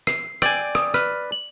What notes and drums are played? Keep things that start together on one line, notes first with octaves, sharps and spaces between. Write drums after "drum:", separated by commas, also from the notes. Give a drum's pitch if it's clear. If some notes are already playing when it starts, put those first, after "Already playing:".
C7, drum: rim click
D5 G5 G#5, drum: rim click
D#6, drum: rim click
B4 F6, drum: rim click
F#7